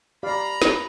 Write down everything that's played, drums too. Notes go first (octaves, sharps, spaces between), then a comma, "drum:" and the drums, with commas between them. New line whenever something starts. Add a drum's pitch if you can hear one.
G4 D5 F5 A#5 B5
drum: snare